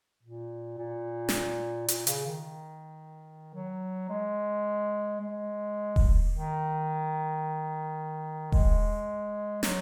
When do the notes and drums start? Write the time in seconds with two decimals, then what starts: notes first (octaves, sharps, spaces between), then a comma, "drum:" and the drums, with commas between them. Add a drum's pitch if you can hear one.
0.23 A#2
0.78 A#2
1.29 drum: snare
1.88 A#2, drum: hi-hat
2.07 C#3, drum: hi-hat
2.26 D#3
3.55 F#3
4.10 G#3
5.20 G#3
5.96 drum: kick E1
6.31 D#3
8.52 G#3, drum: kick E1
9.63 F#3, drum: snare